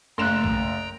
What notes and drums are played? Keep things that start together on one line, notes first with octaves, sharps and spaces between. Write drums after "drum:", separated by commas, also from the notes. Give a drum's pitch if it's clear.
F#1 A3 F5 G5 A#5 C6 F#6 E7
drum: kick A#1